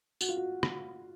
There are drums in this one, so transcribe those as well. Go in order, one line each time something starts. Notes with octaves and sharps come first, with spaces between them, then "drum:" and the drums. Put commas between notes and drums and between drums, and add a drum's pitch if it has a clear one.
F#4, drum: tambourine
F4
F#4
drum: rim click